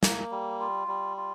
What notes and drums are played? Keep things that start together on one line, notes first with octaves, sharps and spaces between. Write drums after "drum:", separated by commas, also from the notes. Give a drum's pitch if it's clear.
A#3, drum: snare
G3
F4
G3
F4